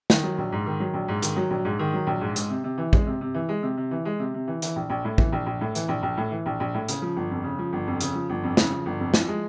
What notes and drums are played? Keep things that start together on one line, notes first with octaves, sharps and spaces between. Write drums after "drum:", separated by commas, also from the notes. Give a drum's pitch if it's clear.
D#3, drum: snare
F#3
A#1
G#2
D#3
F#3
A#1
G#2
D#3, drum: hi-hat
F#3
A#1
G#2
D#3
F#3
A#1
G#2
G#3, drum: hi-hat
C3
C3
E3
G#3, drum: kick
C3
C3
E3
G#3
C3
C3
E3
G#3
C3
C3
E3
E3, drum: hi-hat
A#1
A#1
A2
E3, drum: kick
A#1
A#1
A2
E3, drum: hi-hat
A#1
A#1
A2
E3
A#1
A#1
A2
C#3, drum: hi-hat
F3
G1
F2
C#3
F3
G1
F2
C#3, drum: hi-hat
F3
G1
F2
C#3, drum: snare
F3
G1
F2
F3, drum: snare
G#3